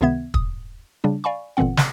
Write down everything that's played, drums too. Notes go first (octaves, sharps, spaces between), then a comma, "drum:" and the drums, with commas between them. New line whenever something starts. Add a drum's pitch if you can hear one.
C#2 C3 D#3 B3 E5 G#6
D#6, drum: kick
C#3 G3 D4
D5 F5 G#5 B5 C#6
G1 A#2 D3 E3 C4 F#5
drum: snare